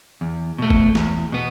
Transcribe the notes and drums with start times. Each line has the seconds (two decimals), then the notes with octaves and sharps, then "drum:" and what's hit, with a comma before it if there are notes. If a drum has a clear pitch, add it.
0.21 E2
0.58 B2 A3
0.70 drum: kick
0.95 E2, drum: snare
1.32 B2 B3